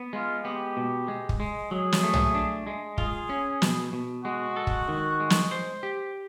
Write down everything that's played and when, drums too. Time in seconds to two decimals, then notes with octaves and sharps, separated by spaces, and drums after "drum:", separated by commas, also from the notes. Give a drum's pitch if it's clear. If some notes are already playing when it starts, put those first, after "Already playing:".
Already playing: B3
0.13 G#3 F4
0.44 B3 G4
0.77 B2
1.08 G#3
1.29 drum: kick
1.40 G#3
1.71 F#3 G#4
1.92 drum: snare
2.03 A3
2.14 drum: tom B1
2.35 D4
2.67 G#3
2.98 F4 G#4, drum: kick
3.30 C#4
3.62 B2, drum: snare
3.93 B2
4.24 G#3 F#4
4.56 A4
4.67 drum: kick
4.88 D#3
5.20 G#3
5.30 drum: snare
5.51 C5
5.83 G4